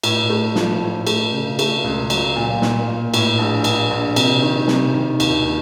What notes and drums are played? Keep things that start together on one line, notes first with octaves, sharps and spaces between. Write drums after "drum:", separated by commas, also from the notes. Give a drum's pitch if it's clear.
A2, drum: cymbal
A3
F3, drum: snare
A2
A3, drum: cymbal
C#3
A3, drum: cymbal
C#2
F#3, drum: cymbal
A#2
A#2, drum: snare
A#2
A2, drum: cymbal
A#1
A#1, drum: cymbal
A#1
C3, drum: cymbal
D#3
C3, drum: snare
D#3
D#2, drum: cymbal
D#3